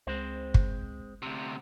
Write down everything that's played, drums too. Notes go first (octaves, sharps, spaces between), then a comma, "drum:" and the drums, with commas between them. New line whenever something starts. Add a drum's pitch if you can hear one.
C#2 G#3 C4 C5
drum: kick
D2 C3